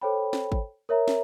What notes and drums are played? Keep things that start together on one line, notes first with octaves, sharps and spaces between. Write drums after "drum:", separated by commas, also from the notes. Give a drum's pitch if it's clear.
A4 C5 C#5 G5 B5
drum: snare
drum: kick G#1
A#4 C#5 E5 A#5
drum: snare